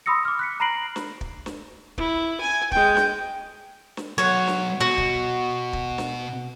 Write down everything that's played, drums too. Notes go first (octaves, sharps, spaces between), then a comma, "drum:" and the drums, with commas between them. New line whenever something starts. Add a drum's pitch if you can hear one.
B5 C6 D#6 E6 A#6 C#7
D6 F6
F#6 B6 C#7
A#5 B5 A#6 C7 D7 F#7
drum: snare
drum: kick
drum: snare
E4, drum: kick
G#5
G#3 G5, drum: kick
drum: snare
drum: snare
F#3 B3 C#5 F#5
drum: snare
B2 F#4
drum: kick
drum: kick
drum: snare